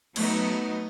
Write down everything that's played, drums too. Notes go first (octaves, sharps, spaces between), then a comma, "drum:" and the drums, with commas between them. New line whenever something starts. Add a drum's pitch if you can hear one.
F#3 A3 B3 D#4, drum: cymbal